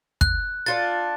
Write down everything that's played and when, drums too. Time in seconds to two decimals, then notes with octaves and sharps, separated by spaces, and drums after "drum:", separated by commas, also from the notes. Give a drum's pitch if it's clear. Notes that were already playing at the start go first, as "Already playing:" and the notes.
0.21 F#6, drum: kick
0.66 D4 F4 A4 A6